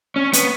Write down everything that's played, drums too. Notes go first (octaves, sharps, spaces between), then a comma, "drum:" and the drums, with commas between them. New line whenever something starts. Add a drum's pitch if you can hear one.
C#4
B3, drum: hi-hat